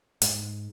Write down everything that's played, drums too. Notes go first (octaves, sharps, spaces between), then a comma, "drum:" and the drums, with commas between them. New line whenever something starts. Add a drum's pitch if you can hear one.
G#2, drum: hi-hat